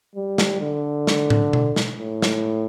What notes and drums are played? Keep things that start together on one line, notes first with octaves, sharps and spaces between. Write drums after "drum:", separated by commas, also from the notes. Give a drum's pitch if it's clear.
G3
drum: snare
D3
drum: snare
drum: tom A2
drum: tom B2
drum: snare
A2
drum: snare